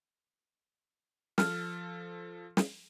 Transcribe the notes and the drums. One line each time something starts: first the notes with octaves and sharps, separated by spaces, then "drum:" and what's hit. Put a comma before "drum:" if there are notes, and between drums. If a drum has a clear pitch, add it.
F3 A4 F6, drum: snare
drum: snare